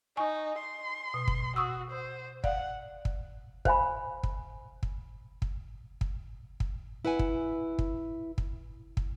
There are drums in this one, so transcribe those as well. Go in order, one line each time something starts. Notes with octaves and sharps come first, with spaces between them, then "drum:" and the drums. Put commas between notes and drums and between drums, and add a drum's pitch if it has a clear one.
D#4 G#5 C#6
C6
B2
drum: kick
F#4 C#6 D#6 E6
C5
D5 F5 F#5, drum: kick
drum: kick
C5 F5 G#5 B5, drum: kick
drum: kick
drum: kick
drum: kick
drum: kick
drum: kick
E4 B4 F#5 G#5
drum: kick
drum: kick
drum: kick
drum: kick